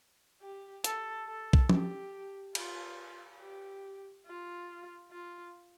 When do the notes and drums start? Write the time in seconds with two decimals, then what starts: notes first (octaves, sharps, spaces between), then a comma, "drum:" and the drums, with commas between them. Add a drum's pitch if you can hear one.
0.41 G4
0.84 A4, drum: hi-hat
1.27 A4
1.53 drum: kick
1.69 G4, drum: tom F3
2.55 F4, drum: cymbal
3.40 G4
4.26 F4
5.11 F4